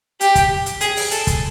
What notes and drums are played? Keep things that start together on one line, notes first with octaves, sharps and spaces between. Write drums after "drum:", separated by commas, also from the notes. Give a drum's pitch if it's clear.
G4, drum: hi-hat
drum: kick, hi-hat
drum: hi-hat
G#4, drum: hi-hat
drum: open hi-hat
A4, drum: hi-hat
drum: kick, hi-hat